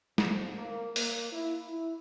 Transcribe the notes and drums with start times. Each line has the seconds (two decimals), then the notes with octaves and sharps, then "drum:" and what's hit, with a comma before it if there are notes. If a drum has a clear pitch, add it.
0.18 F2, drum: snare
0.55 A#3
0.96 A#3, drum: open hi-hat
1.32 E4
1.68 E4